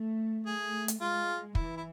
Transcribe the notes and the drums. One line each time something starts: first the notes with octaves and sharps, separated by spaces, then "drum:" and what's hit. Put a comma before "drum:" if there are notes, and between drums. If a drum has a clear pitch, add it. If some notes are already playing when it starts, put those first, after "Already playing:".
Already playing: A3
A3 G#4
drum: hi-hat
G#3 F4
E3 E4, drum: kick
E4